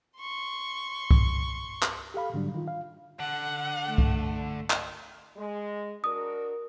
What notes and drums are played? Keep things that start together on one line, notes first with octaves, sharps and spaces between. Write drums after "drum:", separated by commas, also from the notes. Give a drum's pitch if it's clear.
C6 C#6
drum: kick C2
drum: clap
G4 A4 F5 B5
G#2 D3 F#3 G3 D4
D#3 F4
F5
D3 F#5
A3
drum: kick C2
drum: clap
G#3
D4 F#4 A#4 D#6